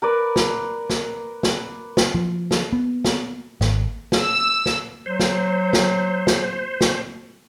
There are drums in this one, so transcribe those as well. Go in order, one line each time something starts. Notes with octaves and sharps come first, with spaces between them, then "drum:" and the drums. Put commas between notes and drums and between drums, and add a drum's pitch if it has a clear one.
A#4 B4 D5
drum: snare
drum: snare
drum: snare
drum: snare
F3
drum: snare
B3
drum: snare
G#1, drum: snare
drum: snare
E6
drum: snare
F#3 C5
drum: snare
drum: snare
drum: snare
drum: snare